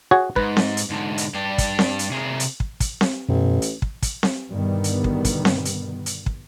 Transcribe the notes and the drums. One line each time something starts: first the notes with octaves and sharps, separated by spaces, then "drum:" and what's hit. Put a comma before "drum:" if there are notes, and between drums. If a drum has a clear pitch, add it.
F#4 G#4 C#5
G#2 B4, drum: kick
drum: snare C4
drum: hi-hat
G#2 D3
drum: hi-hat
G2 D4 G4
drum: kick, hi-hat
drum: snare C4
drum: hi-hat
C3 A#3 G#4
drum: hi-hat
drum: kick
drum: kick, hi-hat
drum: snare C4
A1 F#2 B2
drum: hi-hat
drum: kick
drum: kick, hi-hat
drum: snare C4
G2 B2 D3 D#3 G3 B3
drum: hi-hat
drum: kick
drum: kick, hi-hat
drum: snare C4
drum: hi-hat
drum: hi-hat
drum: kick